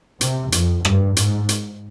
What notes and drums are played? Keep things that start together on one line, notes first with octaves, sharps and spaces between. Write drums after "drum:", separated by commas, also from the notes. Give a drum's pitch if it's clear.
C3, drum: hi-hat
F2, drum: hi-hat
G2, drum: rim click
G#2, drum: hi-hat
drum: hi-hat